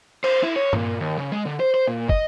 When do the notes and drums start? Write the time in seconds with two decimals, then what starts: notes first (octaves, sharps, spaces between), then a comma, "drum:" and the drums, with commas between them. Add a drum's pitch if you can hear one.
0.24 C5, drum: cymbal
0.43 E4
0.56 C#5
0.73 A#2, drum: tom G2
1.00 D#2
1.19 C#3
1.32 G#3
1.46 D3
1.60 C5
1.74 C5
1.88 A#2
2.09 D#5, drum: kick